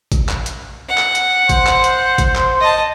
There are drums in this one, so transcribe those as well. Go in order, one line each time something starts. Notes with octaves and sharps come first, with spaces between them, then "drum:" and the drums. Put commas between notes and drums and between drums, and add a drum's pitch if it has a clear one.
drum: kick A1, hi-hat
drum: clap
drum: hi-hat
F#5
drum: clap
drum: hi-hat
C5, drum: kick A1, hi-hat
drum: clap
drum: hi-hat
drum: kick A1, hi-hat
drum: clap
D#5 A5